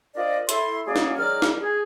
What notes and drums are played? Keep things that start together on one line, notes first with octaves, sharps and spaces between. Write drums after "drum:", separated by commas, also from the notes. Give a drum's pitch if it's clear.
D4 F4 A#4 C5 D5 D#5
E4 A4 C6, drum: hi-hat
F#3 G#3 A#3 C#4 G#4 D5
drum: snare
G#2 D#3 F#3 D5 F6
drum: snare
G#4